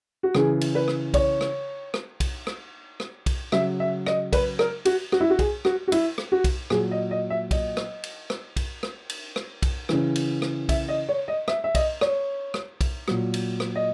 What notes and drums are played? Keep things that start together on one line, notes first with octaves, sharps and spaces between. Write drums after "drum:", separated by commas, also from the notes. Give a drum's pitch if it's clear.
F#4
C#3 E3 G#4, drum: rim click
drum: cymbal
B4
drum: rim click
C#5, drum: kick B1, cymbal
drum: rim click
drum: rim click
drum: kick B1, cymbal
drum: rim click
drum: rim click
drum: kick B1, cymbal
C#3 F#3 E5, drum: rim click
E5
D#5, drum: rim click
B4, drum: kick B1, cymbal
A#4, drum: rim click
F#4, drum: cymbal
F#4, drum: rim click
E4
F#4
G#4, drum: kick B1, cymbal
F#4, drum: rim click
F#4
E4, drum: cymbal
drum: rim click
F#4
drum: kick B1, cymbal
A#2 F#3 G#4, drum: rim click
D#5
D#5
E5
D#5, drum: kick B1, cymbal
drum: rim click
drum: cymbal
drum: rim click
drum: kick B1, cymbal
drum: rim click
drum: cymbal
drum: rim click
drum: kick B1, cymbal
C#3 E3, drum: rim click
drum: cymbal
drum: rim click
E5, drum: kick B1, cymbal
D#5
C#5
D#5
E5, drum: rim click
E5
D#5, drum: kick B1, cymbal
C#5, drum: rim click
drum: rim click
drum: kick B1, cymbal
A#2 F#3, drum: rim click
drum: cymbal
drum: rim click
D#5